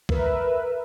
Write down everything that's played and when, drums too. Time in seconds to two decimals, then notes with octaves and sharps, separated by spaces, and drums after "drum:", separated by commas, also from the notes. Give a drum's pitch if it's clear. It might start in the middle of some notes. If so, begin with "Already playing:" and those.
0.09 A#4 B4 E5, drum: kick B1